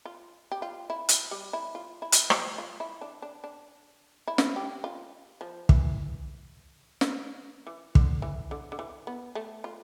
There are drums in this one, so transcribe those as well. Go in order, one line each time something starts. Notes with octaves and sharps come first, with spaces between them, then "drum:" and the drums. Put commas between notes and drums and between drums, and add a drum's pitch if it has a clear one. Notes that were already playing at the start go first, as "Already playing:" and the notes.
F4
G4
F4
E4
drum: hi-hat
G3
E4
F4
E4
drum: hi-hat
G4, drum: rim click
F4
E4
D4
D4
D4
E4
drum: snare
G4
F4
F3
E3, drum: kick
drum: snare
E3
D3, drum: kick
E3
D3
D3
E3
B3
A3
F4